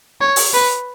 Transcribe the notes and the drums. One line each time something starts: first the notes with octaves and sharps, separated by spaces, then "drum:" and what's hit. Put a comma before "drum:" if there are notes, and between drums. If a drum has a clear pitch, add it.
C#5
drum: open hi-hat
B4